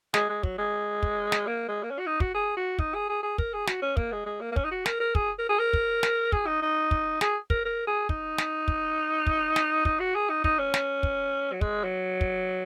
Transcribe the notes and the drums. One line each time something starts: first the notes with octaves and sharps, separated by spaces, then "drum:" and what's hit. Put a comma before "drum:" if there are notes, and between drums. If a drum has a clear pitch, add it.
G#3, drum: snare
G#3
F#3, drum: kick
G#3
drum: kick
drum: snare
A#3
G#3
A#3
C#4
F#4
D#4
F#4, drum: kick
G#4
F#4
D#4, drum: kick
G#4
G#4
G#4
A#4, drum: kick
G#4
F#4, drum: snare
C#4
A#3, drum: kick
G#3
G#3
A#3
A#3
C#4, drum: kick
D#4
F#4
A#4, drum: snare
A#4
G#4, drum: kick
A#4
G#4
A#4
drum: kick
drum: snare
G#4, drum: kick
D#4
D#4
drum: kick
G#4, drum: snare
A#4, drum: kick
A#4
G#4
D#4, drum: kick
drum: snare
drum: kick
drum: kick
drum: snare
D#4, drum: kick
F#4
G#4
D#4
D#4, drum: kick
C#4
drum: snare
drum: kick
F#3
G#3, drum: kick
F#3
drum: kick